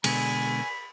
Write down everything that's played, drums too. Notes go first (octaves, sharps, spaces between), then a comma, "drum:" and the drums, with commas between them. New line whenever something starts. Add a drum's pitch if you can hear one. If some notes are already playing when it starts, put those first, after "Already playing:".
B2 D3 G#3 G#5 B5, drum: cymbal